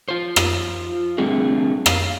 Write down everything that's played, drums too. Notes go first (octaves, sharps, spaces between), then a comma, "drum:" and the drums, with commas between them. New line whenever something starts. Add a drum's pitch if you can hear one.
F4 C5
drum: rim click
D3 G3 A3 A#3 C4 G#4
F5, drum: rim click